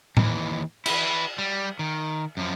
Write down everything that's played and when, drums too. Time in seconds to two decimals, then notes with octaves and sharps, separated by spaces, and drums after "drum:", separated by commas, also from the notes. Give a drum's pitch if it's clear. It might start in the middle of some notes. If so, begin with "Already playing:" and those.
0.17 D#2 E3, drum: tom A2
0.86 E4 B4, drum: cymbal
1.38 G3
1.79 D#3
2.37 F#2 F3